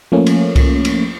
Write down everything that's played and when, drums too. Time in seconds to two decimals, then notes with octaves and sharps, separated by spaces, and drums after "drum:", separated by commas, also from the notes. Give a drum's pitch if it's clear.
0.12 F3 A3 A#3 C#4
0.26 drum: cymbal
0.56 drum: kick C2, cymbal
0.85 drum: cymbal